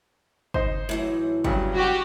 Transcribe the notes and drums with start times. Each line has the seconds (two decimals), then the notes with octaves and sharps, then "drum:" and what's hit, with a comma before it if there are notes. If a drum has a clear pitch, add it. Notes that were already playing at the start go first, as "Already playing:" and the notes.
0.54 D#4 C5, drum: kick
0.89 A2 E3 F#3
1.44 G2 C#3 F#3 G3, drum: kick
1.74 F#4 G4